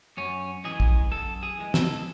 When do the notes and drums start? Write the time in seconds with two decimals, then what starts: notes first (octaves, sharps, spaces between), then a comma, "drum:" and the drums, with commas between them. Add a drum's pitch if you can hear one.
0.17 F#2 C#4
0.64 C#3 E3 G#3 G#4
0.80 drum: kick
1.11 F#2 A4
1.43 G#4
1.58 E3 G#3
1.74 A4, drum: snare